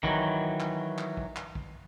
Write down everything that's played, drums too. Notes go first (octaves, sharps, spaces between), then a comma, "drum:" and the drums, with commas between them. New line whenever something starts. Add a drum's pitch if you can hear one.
D#3 E3 F#3, drum: kick
drum: clap
drum: clap
drum: kick
drum: clap
drum: kick